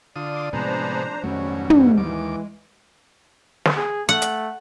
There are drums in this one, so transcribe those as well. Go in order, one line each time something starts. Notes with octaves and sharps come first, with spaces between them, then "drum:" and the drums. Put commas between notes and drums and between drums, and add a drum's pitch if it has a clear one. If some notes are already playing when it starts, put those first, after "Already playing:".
D3 F4 D5 D#6
C6 D6
A2 C3 F3 G#3 B3 D4 C5 A#5
F2 G#2 B2 D#3 F#3 G3 A3 C#4
drum: tom
D#2 E3 G#3 D6
drum: snare
G#4
A3 F#5
drum: hi-hat